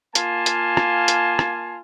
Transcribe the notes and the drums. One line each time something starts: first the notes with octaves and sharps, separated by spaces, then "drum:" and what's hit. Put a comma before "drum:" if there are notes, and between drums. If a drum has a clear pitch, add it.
A#3 F4 G#5 A5, drum: hi-hat
drum: hi-hat
drum: rim click
drum: hi-hat
drum: rim click